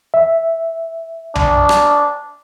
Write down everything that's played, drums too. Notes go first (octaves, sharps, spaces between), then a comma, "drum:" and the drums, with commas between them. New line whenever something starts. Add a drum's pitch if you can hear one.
E5
D4, drum: tom B1
drum: rim click